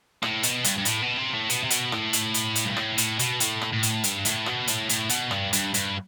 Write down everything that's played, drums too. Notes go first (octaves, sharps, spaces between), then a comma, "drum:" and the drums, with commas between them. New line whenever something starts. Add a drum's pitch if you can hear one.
A2, drum: rim click
B2, drum: hi-hat
G2, drum: hi-hat
G2
A2, drum: hi-hat
B2
C3
A2
B2, drum: hi-hat
C3
B2, drum: hi-hat
A2, drum: rim click
drum: hi-hat
drum: hi-hat
drum: hi-hat
G2
A2, drum: rim click
A2, drum: hi-hat
B2, drum: hi-hat
A2, drum: hi-hat
drum: rim click
A2
drum: hi-hat
G2, drum: hi-hat
A2, drum: hi-hat
B2, drum: rim click
A2, drum: hi-hat
A2, drum: hi-hat
B2, drum: hi-hat
G2, drum: rim click
G2, drum: hi-hat
G2, drum: hi-hat